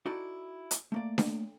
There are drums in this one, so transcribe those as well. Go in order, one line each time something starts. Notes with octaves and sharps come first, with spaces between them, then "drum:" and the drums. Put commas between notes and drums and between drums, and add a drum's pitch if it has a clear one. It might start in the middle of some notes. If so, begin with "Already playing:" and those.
D#4 E4 F#4 A4 D5
drum: hi-hat
A3 A#3 D5
drum: snare D4